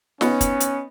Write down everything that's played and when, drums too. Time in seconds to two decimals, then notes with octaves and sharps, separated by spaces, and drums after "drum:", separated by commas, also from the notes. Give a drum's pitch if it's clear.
0.21 B3 C#4 D#4, drum: snare
0.41 drum: kick, hi-hat
0.60 drum: hi-hat